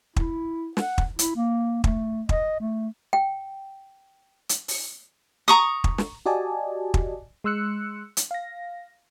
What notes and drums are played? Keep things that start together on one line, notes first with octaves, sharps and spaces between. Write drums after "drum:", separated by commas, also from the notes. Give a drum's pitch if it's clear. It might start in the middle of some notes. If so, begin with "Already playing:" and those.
E4, drum: kick
F#5, drum: snare
drum: kick
E4, drum: hi-hat
A#3
A3, drum: kick
D#5, drum: kick
A3
G5
drum: hi-hat
drum: open hi-hat
A#5 C#6 D#6
drum: kick
drum: snare
F#4 G4 D5 D#5 G#5 A5
drum: kick
G#3 C6 E6 F#6 C#7
drum: hi-hat
F5 A#6